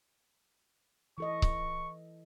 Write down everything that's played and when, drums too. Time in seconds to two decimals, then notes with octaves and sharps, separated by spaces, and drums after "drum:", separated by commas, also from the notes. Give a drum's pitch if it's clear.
1.18 E3 A4 D#5 C#6
1.42 drum: kick C#1